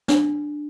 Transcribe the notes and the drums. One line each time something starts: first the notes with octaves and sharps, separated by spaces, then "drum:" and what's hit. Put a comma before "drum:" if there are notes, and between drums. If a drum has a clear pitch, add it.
D4, drum: snare